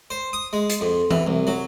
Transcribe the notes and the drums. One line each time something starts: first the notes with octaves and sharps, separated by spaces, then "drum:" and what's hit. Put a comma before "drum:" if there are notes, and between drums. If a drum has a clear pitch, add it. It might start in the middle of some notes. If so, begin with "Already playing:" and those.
C5
D#6
G#3
drum: hi-hat
F2
E3, drum: tom E3
C2
F#3